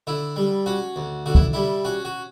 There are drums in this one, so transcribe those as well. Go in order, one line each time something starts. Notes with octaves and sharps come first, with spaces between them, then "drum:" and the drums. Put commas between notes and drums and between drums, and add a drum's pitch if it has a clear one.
D3 E4
G3
C#4 F#4
D2
D3 F#4
E4, drum: kick
G3 E4
C#4 F#4
F#4